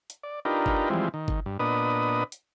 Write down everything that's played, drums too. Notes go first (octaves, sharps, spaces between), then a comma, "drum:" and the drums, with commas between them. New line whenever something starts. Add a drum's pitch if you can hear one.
drum: hi-hat
D5
D4 D#4 F4 G4 A#4 B4
drum: kick G1
E3 F3 G3 G#3 C4
D#3
drum: kick G1
G2
A#2 B3 D4 B4 D#5 D#6
drum: hi-hat